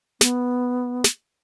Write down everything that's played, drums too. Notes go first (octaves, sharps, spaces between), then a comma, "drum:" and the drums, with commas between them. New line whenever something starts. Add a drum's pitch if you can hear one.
B3, drum: snare
drum: snare